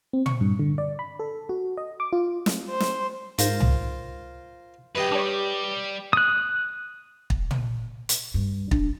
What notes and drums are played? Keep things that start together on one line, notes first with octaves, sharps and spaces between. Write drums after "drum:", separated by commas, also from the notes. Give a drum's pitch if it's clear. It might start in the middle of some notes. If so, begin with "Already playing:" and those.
C4
C#6, drum: tom
G2
D3
D5
B5
A4
F#4
D#5
D6
F4
drum: snare
C5
drum: snare
G#2 F4 A#4 C5, drum: hi-hat
drum: tom C2
F#2 G4 B4 D#5 G5
G3 D4 C#5
D#6 F#6
drum: kick
drum: tom
drum: hi-hat
G2
D4, drum: kick